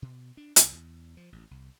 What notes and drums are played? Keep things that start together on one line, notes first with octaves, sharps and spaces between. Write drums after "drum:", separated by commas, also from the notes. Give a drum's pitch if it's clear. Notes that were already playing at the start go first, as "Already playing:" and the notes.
B2
D4
C2, drum: hi-hat
E2
F3
A1
C2